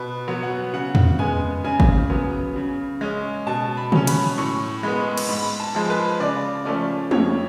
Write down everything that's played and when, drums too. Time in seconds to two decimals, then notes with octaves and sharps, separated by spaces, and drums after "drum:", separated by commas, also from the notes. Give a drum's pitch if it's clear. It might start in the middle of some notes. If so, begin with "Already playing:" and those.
Already playing: B2 B4
0.28 F#3 B3
0.43 F#5
0.74 C#3 F#5
0.95 drum: tom E2
1.19 G#3 B3 G#5
1.64 C#3 G#5
1.80 drum: kick
2.10 F#3 B3
2.56 C#3
3.01 G#3 C#4
3.47 B2 A5
3.77 B5
3.92 F#3 C#4, drum: tom C3
4.07 B5, drum: cymbal
4.38 A2 C#6
4.83 G#3 B3 B5
5.17 drum: cymbal
5.29 G#2 B5
5.60 A5
5.75 F3 G#3
5.90 B4
6.20 C#3 D5
6.65 F3 A3 C#4 D5
7.11 F2 C#5, drum: tom G#3